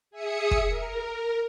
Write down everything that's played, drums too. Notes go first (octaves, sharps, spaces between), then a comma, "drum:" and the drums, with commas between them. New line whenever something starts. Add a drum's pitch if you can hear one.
G#4 E5 D#6 C#7
drum: kick
A#4